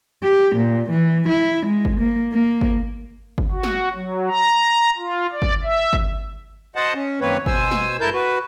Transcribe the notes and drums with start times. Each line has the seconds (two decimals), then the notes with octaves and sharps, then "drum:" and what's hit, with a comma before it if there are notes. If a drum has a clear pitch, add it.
0.24 G4
0.56 A#2
0.90 E3
1.29 E4
1.67 G#3
1.85 drum: kick G1
2.00 A#3
2.33 A#3
2.61 drum: kick G1
3.38 drum: kick G1
3.51 F#4
3.63 drum: snare
3.93 F#3
4.29 A#5
4.97 F4
5.32 D5
5.42 drum: kick G1
5.63 E5
5.93 drum: kick G1
6.76 F#4 C5 D#5 F#5 A5
6.95 C#4
7.21 F#2 D#3 A#3 C4 B4 C#5
7.46 B2 C5 G#5 E6, drum: kick G1
7.71 drum: snare
8.00 G2 A3 E4 A#4 A5 G6
8.13 F#4 B4